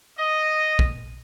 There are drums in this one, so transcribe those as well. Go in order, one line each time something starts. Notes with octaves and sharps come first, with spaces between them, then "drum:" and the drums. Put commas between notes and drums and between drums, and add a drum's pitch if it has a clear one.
D#5
drum: kick